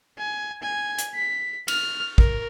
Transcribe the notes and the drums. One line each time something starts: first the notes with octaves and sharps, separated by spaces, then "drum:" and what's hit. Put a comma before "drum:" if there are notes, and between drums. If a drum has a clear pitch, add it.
G#5
G#5
drum: hi-hat
B6
F6, drum: cymbal
A#4, drum: kick